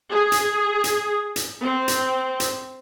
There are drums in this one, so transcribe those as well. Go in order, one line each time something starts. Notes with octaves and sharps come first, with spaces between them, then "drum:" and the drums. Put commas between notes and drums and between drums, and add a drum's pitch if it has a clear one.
G#4
drum: hi-hat
drum: hi-hat
drum: hi-hat
C4
drum: hi-hat
drum: hi-hat